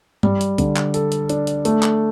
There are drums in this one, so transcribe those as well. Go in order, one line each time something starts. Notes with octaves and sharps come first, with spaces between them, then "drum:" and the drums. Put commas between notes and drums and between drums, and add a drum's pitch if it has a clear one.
G3, drum: tom G2
drum: hi-hat
D3, drum: kick, hi-hat
drum: clap
A4, drum: hi-hat
drum: hi-hat
D4, drum: hi-hat
drum: hi-hat
A3, drum: hi-hat
drum: clap